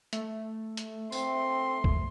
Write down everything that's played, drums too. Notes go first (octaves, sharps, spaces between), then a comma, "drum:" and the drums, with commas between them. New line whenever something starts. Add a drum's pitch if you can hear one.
A3, drum: hi-hat
drum: hi-hat
C4 C6, drum: tambourine
drum: kick F1